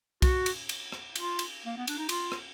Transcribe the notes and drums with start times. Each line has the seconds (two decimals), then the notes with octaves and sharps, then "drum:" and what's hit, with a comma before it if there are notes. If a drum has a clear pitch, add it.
0.22 F#4, drum: kick, cymbal
0.46 drum: cymbal
0.69 drum: cymbal
0.92 drum: rim click
1.16 F4, drum: cymbal
1.39 drum: cymbal
1.66 A#3
1.77 B3
1.87 D4, drum: cymbal
1.98 D#4
2.09 F4, drum: cymbal
2.32 drum: rim click